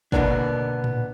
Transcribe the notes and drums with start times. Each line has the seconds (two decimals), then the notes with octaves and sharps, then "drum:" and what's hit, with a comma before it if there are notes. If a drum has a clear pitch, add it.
0.12 B2 D3 F3 A#3 B3 D4, drum: kick
0.84 drum: tom A2